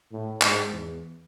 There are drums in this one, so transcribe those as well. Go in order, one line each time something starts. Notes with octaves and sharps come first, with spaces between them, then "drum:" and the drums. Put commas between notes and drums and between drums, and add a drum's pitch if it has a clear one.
A2
G#2, drum: clap
E2